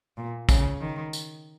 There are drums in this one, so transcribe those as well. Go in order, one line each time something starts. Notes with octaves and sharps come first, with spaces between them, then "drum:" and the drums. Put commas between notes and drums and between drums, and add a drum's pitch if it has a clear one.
A#2
C#3, drum: kick, tambourine
D#3
drum: tambourine